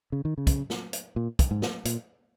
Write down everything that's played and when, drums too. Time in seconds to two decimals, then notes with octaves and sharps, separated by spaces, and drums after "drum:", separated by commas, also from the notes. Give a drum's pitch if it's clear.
0.12 C#3
0.25 D#3
0.38 C#3
0.47 drum: kick, hi-hat
0.70 drum: snare
0.93 drum: hi-hat
1.16 A#2
1.39 drum: kick, hi-hat
1.51 G#2
1.62 drum: snare
1.85 A#2, drum: hi-hat